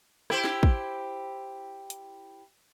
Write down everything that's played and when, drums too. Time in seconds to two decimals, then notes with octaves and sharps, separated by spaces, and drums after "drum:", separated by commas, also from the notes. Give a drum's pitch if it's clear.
0.30 E4 G4 C5, drum: rim click
0.44 drum: snare
0.63 drum: kick
1.90 drum: hi-hat